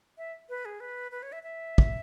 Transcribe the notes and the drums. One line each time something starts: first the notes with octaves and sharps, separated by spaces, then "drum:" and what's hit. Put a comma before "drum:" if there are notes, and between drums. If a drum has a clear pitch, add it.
E5
B4
G#4
B4
B4
C#5
E5
E5
drum: kick